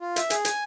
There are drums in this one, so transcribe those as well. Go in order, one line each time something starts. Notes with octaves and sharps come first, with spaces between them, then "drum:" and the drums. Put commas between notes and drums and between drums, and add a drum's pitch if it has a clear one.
F4
E5, drum: hi-hat
G#4, drum: hi-hat
G#5, drum: hi-hat